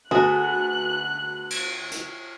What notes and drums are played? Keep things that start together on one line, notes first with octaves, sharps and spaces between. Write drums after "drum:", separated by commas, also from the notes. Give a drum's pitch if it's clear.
D2 B3 F#4 G#4 A4 F#6
drum: cymbal
drum: hi-hat